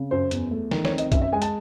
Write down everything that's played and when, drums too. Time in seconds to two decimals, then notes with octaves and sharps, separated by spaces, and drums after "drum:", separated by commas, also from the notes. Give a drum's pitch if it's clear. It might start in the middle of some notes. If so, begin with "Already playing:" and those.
Already playing: C#3
0.11 F#2 C5
0.31 E2, drum: hi-hat
0.51 A3
0.71 D#3, drum: snare
0.85 C#5, drum: snare
0.92 C4
0.98 D#5, drum: hi-hat
1.12 F#2 E5, drum: kick A#1, hi-hat
1.22 E5
1.33 G#3 G#5
1.42 A5, drum: hi-hat